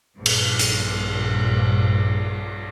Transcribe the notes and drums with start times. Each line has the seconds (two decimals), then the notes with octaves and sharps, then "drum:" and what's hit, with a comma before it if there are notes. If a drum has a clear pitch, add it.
0.16 A#1 G2
0.26 drum: cymbal
0.59 drum: hi-hat